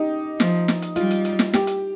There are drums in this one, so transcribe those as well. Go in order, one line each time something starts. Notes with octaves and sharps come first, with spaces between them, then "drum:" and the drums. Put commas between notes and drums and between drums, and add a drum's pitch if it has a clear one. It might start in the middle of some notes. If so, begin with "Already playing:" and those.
Already playing: D#4 G4
F3, drum: snare
drum: snare
drum: hi-hat
G3 F4, drum: hi-hat
drum: hi-hat
drum: hi-hat
drum: snare
G4, drum: snare
drum: hi-hat